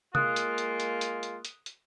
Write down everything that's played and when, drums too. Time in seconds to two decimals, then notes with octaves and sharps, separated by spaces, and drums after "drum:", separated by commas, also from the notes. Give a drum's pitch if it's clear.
0.15 G#3 A#3 F4 D#6 F#6, drum: tom C3
0.36 drum: hi-hat
0.58 drum: hi-hat
0.80 drum: hi-hat
1.01 drum: hi-hat
1.23 drum: hi-hat
1.45 drum: hi-hat
1.66 drum: hi-hat